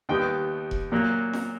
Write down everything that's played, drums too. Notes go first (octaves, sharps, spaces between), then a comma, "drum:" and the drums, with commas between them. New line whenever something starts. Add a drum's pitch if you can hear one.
D#2 D#3 G3 B3 G5
drum: kick E1
A#2 F#3 A#3
drum: snare F4